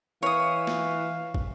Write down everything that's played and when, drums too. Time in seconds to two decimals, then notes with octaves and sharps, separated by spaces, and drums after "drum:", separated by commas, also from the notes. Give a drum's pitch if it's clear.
0.23 E3 C#5 F5 D#6
0.67 drum: snare A#3
1.34 drum: kick